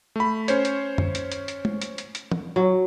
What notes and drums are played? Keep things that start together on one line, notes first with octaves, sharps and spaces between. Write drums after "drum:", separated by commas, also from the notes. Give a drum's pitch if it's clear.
A3 B5
C#4 C5 C#5, drum: hi-hat
drum: hi-hat
drum: tom F#2
drum: hi-hat
drum: hi-hat
drum: hi-hat
drum: tom
drum: hi-hat
drum: hi-hat
drum: hi-hat
drum: tom
F#3